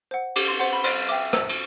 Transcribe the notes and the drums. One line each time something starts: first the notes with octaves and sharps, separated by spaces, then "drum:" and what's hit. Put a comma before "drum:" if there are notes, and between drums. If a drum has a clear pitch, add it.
C5 F#5
G4 D6, drum: cymbal
C6
C5 F#5 C6
B5
C5 C6, drum: cymbal
E5 G5 D6
C5 E6, drum: rim click
drum: cymbal